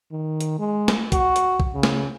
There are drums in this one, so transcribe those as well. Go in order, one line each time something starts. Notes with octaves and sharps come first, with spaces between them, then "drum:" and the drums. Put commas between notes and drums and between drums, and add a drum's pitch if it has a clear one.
D#3
drum: hi-hat
G#3
drum: snare A3
F#4, drum: kick, hi-hat
drum: hi-hat
drum: kick
C#3
drum: snare A3